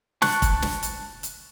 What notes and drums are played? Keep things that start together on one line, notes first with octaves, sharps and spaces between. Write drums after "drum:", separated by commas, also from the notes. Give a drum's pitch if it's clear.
A5 C#6 F#6, drum: snare
drum: kick, hi-hat
drum: snare
drum: hi-hat
drum: hi-hat